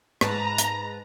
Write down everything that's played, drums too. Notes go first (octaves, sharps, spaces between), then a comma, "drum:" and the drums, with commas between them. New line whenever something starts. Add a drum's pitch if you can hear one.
G#2 B4 A5 A#5, drum: rim click
drum: hi-hat